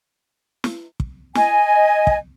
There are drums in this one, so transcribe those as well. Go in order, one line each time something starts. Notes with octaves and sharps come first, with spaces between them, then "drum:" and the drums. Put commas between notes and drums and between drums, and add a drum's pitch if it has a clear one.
drum: snare
drum: kick
D#5 G#5, drum: snare
drum: kick